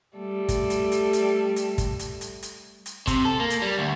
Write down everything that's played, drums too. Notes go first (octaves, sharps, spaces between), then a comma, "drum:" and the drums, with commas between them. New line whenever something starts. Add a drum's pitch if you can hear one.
G3 A3 A4
drum: kick, hi-hat
drum: hi-hat
drum: hi-hat
drum: hi-hat
drum: hi-hat
drum: kick, hi-hat
drum: hi-hat
drum: hi-hat
drum: hi-hat
drum: hi-hat
C3, drum: kick, hi-hat
A4
A#3
drum: hi-hat
G3
D2